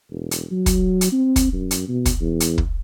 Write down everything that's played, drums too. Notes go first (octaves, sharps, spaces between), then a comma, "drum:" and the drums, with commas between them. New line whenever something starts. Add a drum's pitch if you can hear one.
E1
drum: hi-hat
F#3
drum: kick, hi-hat
drum: hi-hat
C4
drum: kick, hi-hat
F#2
drum: hi-hat
B2
drum: kick, hi-hat
E2
drum: hi-hat
drum: kick